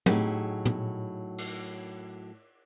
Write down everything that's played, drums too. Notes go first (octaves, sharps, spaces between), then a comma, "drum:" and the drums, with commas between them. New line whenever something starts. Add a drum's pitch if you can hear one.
A2 F#3 D#4 G4 G#4, drum: tom
drum: tom A#2
drum: cymbal